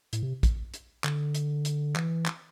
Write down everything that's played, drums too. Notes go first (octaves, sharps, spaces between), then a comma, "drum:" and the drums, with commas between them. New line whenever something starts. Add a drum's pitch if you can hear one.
A2, drum: hi-hat
C3
drum: kick, hi-hat
drum: hi-hat
D3, drum: clap
drum: hi-hat
drum: hi-hat
E3, drum: clap
drum: clap